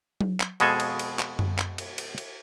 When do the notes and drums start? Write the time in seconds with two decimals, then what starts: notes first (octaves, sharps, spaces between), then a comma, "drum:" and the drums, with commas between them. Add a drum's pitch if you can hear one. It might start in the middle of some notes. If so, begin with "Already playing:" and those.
0.21 drum: tom F#3
0.40 drum: clap
0.60 F2 B2 G#3 G#4 A4 G#5, drum: cymbal
0.80 drum: cymbal
0.99 drum: cymbal
1.19 drum: clap
1.39 drum: tom F#2
1.59 drum: clap
1.78 drum: cymbal
1.98 drum: cymbal
2.18 drum: cymbal